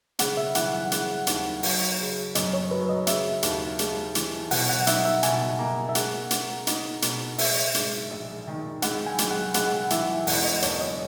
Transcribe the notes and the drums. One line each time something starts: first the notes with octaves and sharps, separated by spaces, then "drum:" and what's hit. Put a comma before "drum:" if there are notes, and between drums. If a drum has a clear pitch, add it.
C#3 F#5, drum: hi-hat
E5
E3 F#5, drum: hi-hat
F#5
C#3 F#5, drum: hi-hat
D#2, drum: hi-hat
F#3, drum: open hi-hat
C#3
F#2 D#5, drum: hi-hat
C#5
F#3 B4
D#5
C#3 E5, drum: hi-hat
D#2, drum: hi-hat
G#3, drum: hi-hat
E3, drum: hi-hat
B2 F#5, drum: open hi-hat
F#5
F#5
D#4 E5, drum: hi-hat
E5
B2 G#5, drum: hi-hat
A#3
E5
G#3 F#5, drum: hi-hat
G#3, drum: hi-hat
D#4, drum: hi-hat
B2, drum: hi-hat
G#3 E5, drum: open hi-hat
G#2, drum: hi-hat
A#1
D#3
C#2 F#5, drum: hi-hat
G#5
C#2, drum: hi-hat
F#5
C#2 F#5, drum: hi-hat
E3 E5, drum: hi-hat
E1 F#5, drum: open hi-hat
D#5
E1 C#5, drum: hi-hat
D#5